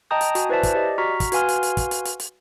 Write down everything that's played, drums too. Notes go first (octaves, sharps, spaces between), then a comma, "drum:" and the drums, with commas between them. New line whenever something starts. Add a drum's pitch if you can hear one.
D#5 G5 A5 A#5 D#6 G6
drum: hi-hat
F#4 G#5, drum: hi-hat
E4 B4 C5 D5 E5 A5
drum: kick, hi-hat
G4 D5 D#5
F#4 A#5 C#6 F6 B6
drum: kick, hi-hat
F#4 B4 F5 G#5 C6 F6, drum: hi-hat
drum: hi-hat
drum: hi-hat
drum: kick, hi-hat
drum: hi-hat
drum: hi-hat
drum: hi-hat